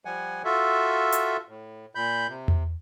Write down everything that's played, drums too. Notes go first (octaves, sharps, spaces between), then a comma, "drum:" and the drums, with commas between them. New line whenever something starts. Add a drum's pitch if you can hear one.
F3 G3 F#5 G#5
F4 F#4 A4 E5
drum: hi-hat
A2
A#2 B5 G6
C3
drum: tom E2